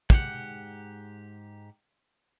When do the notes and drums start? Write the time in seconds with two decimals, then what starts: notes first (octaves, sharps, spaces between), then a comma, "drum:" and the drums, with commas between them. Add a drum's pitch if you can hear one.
0.10 G#2 G4 C5 F#5, drum: kick